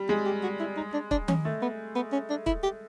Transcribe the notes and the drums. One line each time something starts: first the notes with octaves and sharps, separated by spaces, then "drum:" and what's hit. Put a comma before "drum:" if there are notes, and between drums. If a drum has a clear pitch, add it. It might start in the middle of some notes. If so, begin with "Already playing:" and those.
Already playing: G3
G#3 G#4
G4
F#4
E4
D#4
D4
D4, drum: kick
C#4, drum: tom D#3
A3
B3
B3
C#4
D4
E4, drum: kick
G4